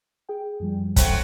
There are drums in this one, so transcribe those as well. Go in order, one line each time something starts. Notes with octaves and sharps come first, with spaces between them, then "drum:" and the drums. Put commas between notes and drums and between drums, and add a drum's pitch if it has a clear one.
G#4 G5
F#2 F3 G3
F#3 A3 C4, drum: kick, hi-hat